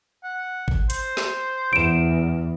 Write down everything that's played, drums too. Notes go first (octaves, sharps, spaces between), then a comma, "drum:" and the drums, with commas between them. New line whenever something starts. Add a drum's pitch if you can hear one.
F#5
drum: kick G1
C5, drum: hi-hat
drum: snare
E2 D7 E7